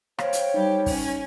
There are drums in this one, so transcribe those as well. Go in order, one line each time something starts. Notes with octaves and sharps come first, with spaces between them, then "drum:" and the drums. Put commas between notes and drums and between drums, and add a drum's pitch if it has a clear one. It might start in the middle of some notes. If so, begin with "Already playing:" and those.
C5 C#5 F5 G5, drum: rim click
drum: hi-hat
G3 D#4 G4
C#4, drum: kick, open hi-hat